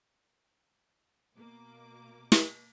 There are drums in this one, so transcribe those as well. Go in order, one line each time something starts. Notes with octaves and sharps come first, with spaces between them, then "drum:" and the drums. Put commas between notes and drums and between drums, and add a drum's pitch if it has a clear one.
B2 A#3 D6
drum: snare